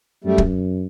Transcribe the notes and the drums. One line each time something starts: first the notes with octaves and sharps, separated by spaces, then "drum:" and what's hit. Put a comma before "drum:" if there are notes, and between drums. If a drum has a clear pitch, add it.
F#2 G3 A3
drum: kick